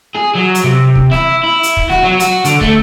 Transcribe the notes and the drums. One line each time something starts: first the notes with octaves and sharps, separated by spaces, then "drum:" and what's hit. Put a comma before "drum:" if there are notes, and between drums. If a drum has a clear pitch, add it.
G#4
F#3
drum: hi-hat
C3
drum: kick
E4, drum: snare
E4
drum: hi-hat
drum: kick
F#4, drum: snare
F#3
F#4, drum: hi-hat
D3, drum: hi-hat
A3, drum: kick